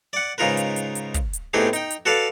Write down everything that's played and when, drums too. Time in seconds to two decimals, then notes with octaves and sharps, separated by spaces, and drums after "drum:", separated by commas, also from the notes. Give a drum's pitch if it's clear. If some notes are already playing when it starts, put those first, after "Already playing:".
0.13 D5 F#5
0.38 G#2 C#3 D#4 F4 A#4 B4
0.57 drum: hi-hat
0.76 drum: hi-hat
0.95 drum: hi-hat
1.14 drum: kick, hi-hat
1.33 drum: hi-hat
1.54 A2 B3 C4 D#4 G4 G#4
1.73 D#4 G5, drum: hi-hat
1.90 drum: hi-hat
2.06 F#4 A4 B4 D5 F5